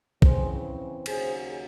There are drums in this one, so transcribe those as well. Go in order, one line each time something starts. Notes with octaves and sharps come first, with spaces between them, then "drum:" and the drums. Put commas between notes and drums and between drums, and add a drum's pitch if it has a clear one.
C#3 E3 C4 G#4 C5, drum: kick
D#2 C#3 F#3 C#4 G#4 C5, drum: cymbal